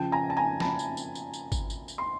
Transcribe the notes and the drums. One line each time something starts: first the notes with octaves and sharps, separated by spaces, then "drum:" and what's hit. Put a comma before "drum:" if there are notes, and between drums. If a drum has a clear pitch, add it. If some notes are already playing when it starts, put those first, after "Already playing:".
Already playing: C#3 F3 G5 A5
G#5 A#5
A5
G#5 A#5
A5 B5, drum: snare
drum: tambourine
drum: tambourine
drum: tambourine
drum: tambourine
drum: kick G#1, tambourine
drum: tambourine
drum: tambourine
C6